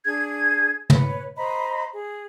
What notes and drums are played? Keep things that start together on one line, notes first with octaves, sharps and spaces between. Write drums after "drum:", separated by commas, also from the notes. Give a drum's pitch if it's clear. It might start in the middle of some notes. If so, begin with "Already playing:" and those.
D4 G#4 G#6
B4 C#5, drum: tom
C5 D#5 A#5 B5
G#4